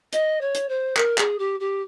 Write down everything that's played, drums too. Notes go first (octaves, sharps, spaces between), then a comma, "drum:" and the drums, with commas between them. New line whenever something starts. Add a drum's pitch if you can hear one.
D#5, drum: hi-hat
C#5
drum: hi-hat
C5
A#4, drum: clap
G#4, drum: clap
G4
G4